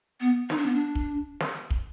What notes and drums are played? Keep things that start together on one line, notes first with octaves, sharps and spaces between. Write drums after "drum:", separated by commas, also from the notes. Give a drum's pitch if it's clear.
B3
D#4, drum: snare
D4
B3
D4
drum: kick
drum: snare
drum: kick